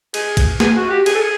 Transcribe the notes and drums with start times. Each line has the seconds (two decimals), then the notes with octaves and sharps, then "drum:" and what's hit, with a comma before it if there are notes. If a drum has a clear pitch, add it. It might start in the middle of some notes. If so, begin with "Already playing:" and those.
0.14 G#4, drum: cymbal
0.37 drum: kick, cymbal
0.60 G#4, drum: snare
0.76 F#4
0.90 G4
1.06 G#4, drum: cymbal
1.15 A4
1.22 G#4